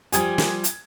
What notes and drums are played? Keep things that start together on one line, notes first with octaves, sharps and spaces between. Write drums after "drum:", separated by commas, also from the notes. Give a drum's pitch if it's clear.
F3 G3 G4 G#5 D#6 G#6, drum: hi-hat
drum: snare
drum: hi-hat